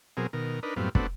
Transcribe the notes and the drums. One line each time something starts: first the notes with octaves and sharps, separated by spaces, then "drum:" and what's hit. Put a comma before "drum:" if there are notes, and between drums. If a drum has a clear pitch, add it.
B2 F#3 C4 G#4 A#4
B2 D#3 A#4
D4 D#4 A#4 B4
F#2 A2 G3 B3 C4 F4
A3 B3 C4 D4 F#4, drum: kick